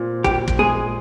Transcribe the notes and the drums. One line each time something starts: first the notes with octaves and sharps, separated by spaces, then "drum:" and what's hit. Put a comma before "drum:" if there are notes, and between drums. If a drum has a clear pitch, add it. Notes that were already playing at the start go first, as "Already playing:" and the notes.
Already playing: A#2 C4
A#2 G4, drum: kick
drum: kick
G#3 G#4